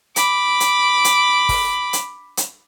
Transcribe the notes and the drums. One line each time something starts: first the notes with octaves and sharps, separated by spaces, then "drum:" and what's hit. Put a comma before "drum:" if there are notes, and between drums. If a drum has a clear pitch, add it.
B5 D6, drum: hi-hat
drum: hi-hat
drum: hi-hat
drum: kick, open hi-hat
drum: hi-hat
drum: hi-hat